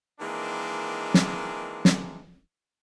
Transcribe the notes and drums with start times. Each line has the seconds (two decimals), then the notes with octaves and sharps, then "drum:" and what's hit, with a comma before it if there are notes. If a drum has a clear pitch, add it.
0.20 D#3 E3 G#3 A#3 C4 D4
1.14 drum: snare
1.85 drum: snare